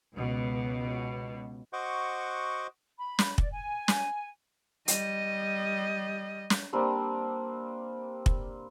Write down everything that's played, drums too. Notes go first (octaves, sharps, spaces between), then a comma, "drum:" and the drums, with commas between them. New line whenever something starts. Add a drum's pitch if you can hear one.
C#2 B2
F#4 C5 D#5 F#5 C#6 D6
B5
drum: snare
D5, drum: kick
G#5
drum: snare
G3 D#5, drum: hi-hat
drum: snare
G3 A#3 C4 D4
drum: kick